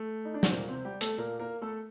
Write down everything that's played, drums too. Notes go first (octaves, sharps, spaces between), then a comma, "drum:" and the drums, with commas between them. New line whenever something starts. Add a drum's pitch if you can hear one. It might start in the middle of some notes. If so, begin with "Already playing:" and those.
Already playing: A3
D#4
D4
C4, drum: snare
A#2 A#3
C3 C4
G3 G4
A3 A4, drum: hi-hat
A#2 A#3 A#4
A#3 A#4
A3 A4